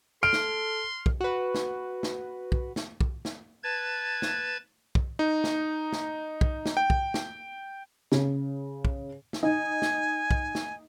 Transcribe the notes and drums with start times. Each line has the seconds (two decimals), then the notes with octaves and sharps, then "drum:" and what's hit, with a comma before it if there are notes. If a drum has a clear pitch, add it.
0.23 A4 C6 F6 D7
0.33 drum: snare
1.06 drum: kick
1.20 F#4 B4
1.55 drum: snare
2.03 drum: snare
2.52 drum: kick
2.76 drum: snare
3.01 drum: kick
3.25 drum: snare
3.63 B4 A5 G#6 A6
4.22 drum: snare
4.95 drum: kick
5.19 D#4
5.44 drum: snare
5.93 drum: snare
6.41 drum: kick
6.66 drum: snare
6.77 G5
6.90 drum: kick
7.14 drum: snare
8.12 C#3, drum: snare
8.85 drum: kick
9.33 drum: snare
9.43 D#4 G#5
9.82 drum: snare
10.31 drum: kick
10.55 drum: snare